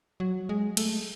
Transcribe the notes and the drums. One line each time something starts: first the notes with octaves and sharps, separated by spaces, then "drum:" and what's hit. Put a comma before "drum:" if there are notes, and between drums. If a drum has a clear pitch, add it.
F#3
G#3
A3, drum: cymbal